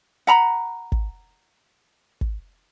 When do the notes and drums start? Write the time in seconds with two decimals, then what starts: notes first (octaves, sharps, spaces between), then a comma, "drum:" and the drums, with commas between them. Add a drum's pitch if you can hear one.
0.27 F#5 A#5 B5
0.92 drum: kick
2.21 drum: kick